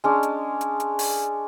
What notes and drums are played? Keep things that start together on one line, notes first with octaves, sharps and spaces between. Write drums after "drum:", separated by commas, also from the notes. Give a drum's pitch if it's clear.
G#3 C#4 D4
drum: hi-hat
drum: hi-hat
drum: hi-hat
drum: open hi-hat